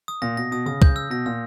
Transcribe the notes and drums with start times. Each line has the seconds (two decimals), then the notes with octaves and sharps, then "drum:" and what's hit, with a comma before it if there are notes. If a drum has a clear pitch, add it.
0.08 D#6
0.22 A#2 A#6
0.37 B2 A#6
0.51 B2 D#6
0.66 C#3 D#6
0.82 G6, drum: kick C#2
0.96 E6
1.10 B2 A#6
1.26 A#2 E6